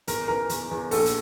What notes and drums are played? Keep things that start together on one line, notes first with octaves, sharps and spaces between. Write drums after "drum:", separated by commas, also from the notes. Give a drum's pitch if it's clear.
E2 A#4, drum: hi-hat
E3 A#4
E2, drum: hi-hat
E2
A#1 A4, drum: open hi-hat
drum: hi-hat